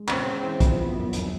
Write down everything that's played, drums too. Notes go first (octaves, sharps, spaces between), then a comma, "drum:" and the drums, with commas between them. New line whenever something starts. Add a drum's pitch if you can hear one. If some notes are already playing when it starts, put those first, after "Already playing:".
Already playing: G#3
C#3 C4, drum: clap
C#3
E3
F3 B3, drum: kick, hi-hat
G1
F#2
E1, drum: hi-hat